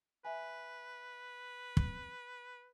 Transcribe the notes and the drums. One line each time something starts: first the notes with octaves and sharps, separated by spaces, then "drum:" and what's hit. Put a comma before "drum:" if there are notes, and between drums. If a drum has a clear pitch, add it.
B4 E5 G#5
drum: kick